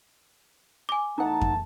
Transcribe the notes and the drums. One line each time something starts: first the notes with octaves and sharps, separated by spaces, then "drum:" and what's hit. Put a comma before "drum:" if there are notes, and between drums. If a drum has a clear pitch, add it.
G#5 D6
E2 A3 D#4 F#5 A5 A#5
drum: kick F2